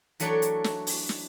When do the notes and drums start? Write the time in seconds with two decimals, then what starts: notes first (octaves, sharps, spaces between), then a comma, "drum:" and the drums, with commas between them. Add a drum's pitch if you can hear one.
0.20 E3 F#3 A3 D4 C#5 D5, drum: hi-hat
0.42 drum: hi-hat
0.64 drum: snare
0.87 drum: open hi-hat
1.09 drum: snare